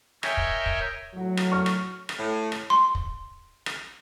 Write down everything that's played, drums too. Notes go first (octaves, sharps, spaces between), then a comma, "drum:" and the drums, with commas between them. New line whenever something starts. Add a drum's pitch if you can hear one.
A#4 C#5 D#5 E5 G5 G#5, drum: rim click
drum: kick
drum: kick
A2 F#3
drum: rim click
C#6 F6
drum: rim click
drum: rim click
A2
drum: rim click
C6
drum: kick
drum: rim click